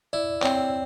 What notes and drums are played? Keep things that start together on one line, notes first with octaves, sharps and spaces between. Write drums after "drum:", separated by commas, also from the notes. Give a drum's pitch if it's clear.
E4 D5
C4 C#5, drum: clap